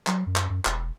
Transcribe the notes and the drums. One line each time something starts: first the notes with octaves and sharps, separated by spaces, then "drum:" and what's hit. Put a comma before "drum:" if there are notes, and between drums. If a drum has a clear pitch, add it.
F#3, drum: clap
F#2
drum: clap
F#2
E1, drum: clap